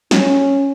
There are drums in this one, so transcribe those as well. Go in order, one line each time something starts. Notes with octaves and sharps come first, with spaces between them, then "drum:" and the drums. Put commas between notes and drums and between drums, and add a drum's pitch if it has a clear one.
C#4, drum: snare